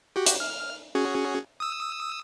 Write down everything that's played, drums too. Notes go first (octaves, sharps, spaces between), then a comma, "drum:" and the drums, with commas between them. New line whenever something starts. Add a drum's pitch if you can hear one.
F#4 G4
drum: hi-hat
F6
C#4 F#4 G#4
D#6 E6